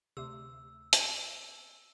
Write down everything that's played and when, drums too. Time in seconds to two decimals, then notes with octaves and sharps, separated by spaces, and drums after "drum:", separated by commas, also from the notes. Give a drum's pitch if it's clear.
0.17 D2 C3 E6
0.93 drum: hi-hat